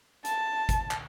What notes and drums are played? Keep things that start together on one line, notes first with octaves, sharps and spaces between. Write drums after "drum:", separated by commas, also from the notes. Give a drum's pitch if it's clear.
A5, drum: hi-hat
drum: kick G#1, hi-hat
drum: clap